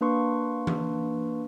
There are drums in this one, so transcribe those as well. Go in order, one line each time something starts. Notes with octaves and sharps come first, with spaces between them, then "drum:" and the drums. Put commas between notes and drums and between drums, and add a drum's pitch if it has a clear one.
A#3 D4 B4 C6 C#6
drum: tom E3